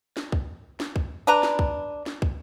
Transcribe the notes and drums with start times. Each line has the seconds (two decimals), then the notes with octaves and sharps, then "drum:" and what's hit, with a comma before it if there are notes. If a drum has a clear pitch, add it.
0.17 drum: snare
0.32 drum: kick
0.80 drum: snare
0.96 drum: kick
1.27 D4 B4 A#5
1.43 drum: snare
1.59 drum: kick
2.06 drum: snare
2.22 drum: kick